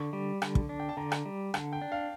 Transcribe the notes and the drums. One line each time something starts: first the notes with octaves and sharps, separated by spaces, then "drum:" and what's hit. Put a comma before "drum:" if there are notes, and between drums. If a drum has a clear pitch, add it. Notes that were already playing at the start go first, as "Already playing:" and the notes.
Already playing: D3 C#6
G3
D3, drum: rim click
drum: kick
D4
G5
A5
D3 A#5
drum: rim click
G3
D3 A5, drum: rim click
G5
D4
F5